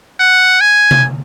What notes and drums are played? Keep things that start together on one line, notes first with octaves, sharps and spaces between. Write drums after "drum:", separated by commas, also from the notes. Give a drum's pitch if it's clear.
F#5
G#5
drum: tom C3